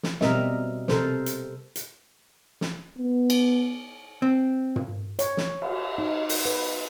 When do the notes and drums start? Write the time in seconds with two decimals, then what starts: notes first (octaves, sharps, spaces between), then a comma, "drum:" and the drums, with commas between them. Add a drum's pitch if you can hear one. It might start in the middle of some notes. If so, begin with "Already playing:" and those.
0.03 drum: snare
0.21 B2 G3 C4 A#4 D#5 E5, drum: snare
0.88 C3 A4 A#4 C5, drum: snare
1.26 drum: hi-hat
1.75 drum: hi-hat
2.61 drum: snare
2.98 B3
3.30 drum: cymbal
4.22 C4
4.76 drum: tom
5.19 C#5, drum: hi-hat
5.37 drum: snare
5.62 drum: cymbal
5.98 D#4
6.29 drum: open hi-hat
6.45 B4